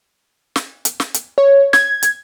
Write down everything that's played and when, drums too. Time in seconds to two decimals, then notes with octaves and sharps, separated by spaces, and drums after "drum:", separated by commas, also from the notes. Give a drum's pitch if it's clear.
0.56 drum: snare
0.85 drum: hi-hat
1.00 drum: snare
1.14 drum: hi-hat
1.38 C#5
1.73 G#6, drum: snare
2.03 drum: hi-hat